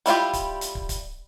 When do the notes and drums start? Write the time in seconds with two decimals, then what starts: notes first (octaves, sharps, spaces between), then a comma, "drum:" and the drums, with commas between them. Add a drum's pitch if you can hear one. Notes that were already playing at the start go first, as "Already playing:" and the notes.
0.06 G3 E4 F4 G4, drum: hi-hat
0.33 drum: kick, hi-hat
0.61 drum: hi-hat
0.75 drum: kick
0.89 drum: kick, hi-hat